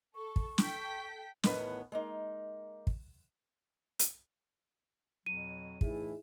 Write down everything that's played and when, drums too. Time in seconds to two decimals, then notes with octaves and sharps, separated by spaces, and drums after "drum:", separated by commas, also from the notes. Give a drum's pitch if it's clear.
0.15 A4 C#6
0.36 drum: kick
0.58 A4 G5 B6, drum: snare
1.43 E2 A2 D#3 B3 B4 F#5, drum: snare
1.92 G#3 A#3 D#4
2.87 drum: kick
3.99 drum: hi-hat
5.26 F2 B2 F#3 D#7
5.81 A2 E3 A3 D#4 E4 G#4, drum: kick